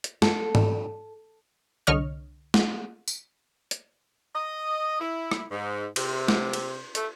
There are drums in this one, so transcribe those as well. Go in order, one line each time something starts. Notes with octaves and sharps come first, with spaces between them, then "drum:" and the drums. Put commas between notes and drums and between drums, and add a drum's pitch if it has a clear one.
drum: hi-hat
A4, drum: snare
drum: tom G#2
C2 D3 C#5 D#5 C#6 F6
drum: snare
drum: tambourine
drum: hi-hat
D#5
E4
drum: rim click
G#2
C3, drum: cymbal
drum: snare
drum: cymbal
A3, drum: hi-hat